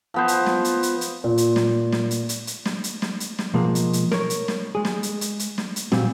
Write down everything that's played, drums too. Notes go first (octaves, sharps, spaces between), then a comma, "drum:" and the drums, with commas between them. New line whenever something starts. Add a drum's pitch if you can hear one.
F3 B3 C5
drum: hi-hat
drum: snare
drum: hi-hat
drum: hi-hat
drum: hi-hat
A#2
drum: hi-hat
drum: snare
drum: snare
drum: hi-hat
drum: hi-hat
drum: hi-hat
drum: snare
drum: hi-hat
drum: snare
drum: hi-hat
drum: snare
B2 F3 G#3 A#3
drum: hi-hat
drum: hi-hat
A#4 C#5, drum: snare
drum: hi-hat
drum: snare
G#3 G#4
drum: snare
drum: hi-hat
drum: hi-hat
drum: hi-hat
drum: snare
drum: hi-hat
A#2 G3 C4 F#4, drum: snare